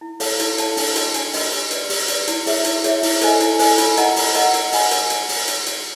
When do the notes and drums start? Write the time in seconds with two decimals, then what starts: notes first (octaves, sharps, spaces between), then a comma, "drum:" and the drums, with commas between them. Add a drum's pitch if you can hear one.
0.01 E4
0.20 A4 C#5 F5 A5, drum: open hi-hat
0.40 E4, drum: hi-hat
0.58 A4 C#5 F5 A5, drum: hi-hat
0.77 D4, drum: open hi-hat
0.96 F#4 A#4 D#5 G5, drum: hi-hat
1.14 D4, drum: hi-hat
1.33 F#4 A#4 D#5 G5, drum: open hi-hat
1.52 G4
1.71 B4 D5, drum: hi-hat
1.90 G4, drum: open hi-hat
2.08 B4 D5, drum: hi-hat
2.28 E4, drum: hi-hat
2.46 G#4 C#5 E5, drum: open hi-hat
2.65 E4, drum: hi-hat
2.84 G#4 C#5 E5, drum: hi-hat
3.03 E4, drum: open hi-hat
3.21 A4 C5 D#5 G#5, drum: hi-hat
3.40 E4, drum: hi-hat
3.59 A4 C5 D#5 G#5, drum: open hi-hat
3.78 F4, drum: hi-hat
3.97 A#4 D#5 F#5 A#5, drum: hi-hat
4.16 F4, drum: open hi-hat
4.34 A#4 D#5 F#5 A#5, drum: hi-hat
4.54 A#4, drum: hi-hat
4.72 D#5 G#5 B5, drum: open hi-hat
4.91 A#4, drum: hi-hat
5.10 drum: hi-hat
5.29 drum: open hi-hat
5.48 drum: hi-hat
5.66 drum: hi-hat